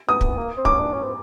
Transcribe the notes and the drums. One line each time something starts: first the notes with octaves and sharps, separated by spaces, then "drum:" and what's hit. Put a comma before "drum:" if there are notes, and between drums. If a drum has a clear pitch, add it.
B3 D#6
drum: kick
A#3
C4
C#4 D6, drum: kick
D4
C#4
C4